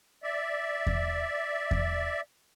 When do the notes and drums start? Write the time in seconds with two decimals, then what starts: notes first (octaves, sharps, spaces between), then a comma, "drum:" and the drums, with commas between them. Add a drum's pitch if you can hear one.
0.23 D5 E5
0.87 drum: kick E2
1.71 drum: kick E2